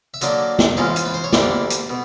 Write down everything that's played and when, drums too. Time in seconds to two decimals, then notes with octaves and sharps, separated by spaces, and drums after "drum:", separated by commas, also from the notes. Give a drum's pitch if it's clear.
0.14 E5
0.21 D3 F#3 A#3 D4 D#5, drum: hi-hat
0.59 drum: snare
0.77 G#2 E3 G#3 C#4 F4
0.96 drum: hi-hat
1.05 B4
1.14 C5
1.24 C#5
1.33 D2 D3 G3 A#3 D5, drum: snare
1.70 drum: hi-hat
1.89 B2